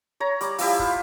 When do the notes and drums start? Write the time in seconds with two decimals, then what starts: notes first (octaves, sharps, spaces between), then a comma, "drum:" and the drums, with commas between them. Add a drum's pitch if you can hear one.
0.20 C#5 A#5
0.41 G3 D6, drum: hi-hat
0.58 F3 G3 E4 G4, drum: open hi-hat
0.79 F4, drum: kick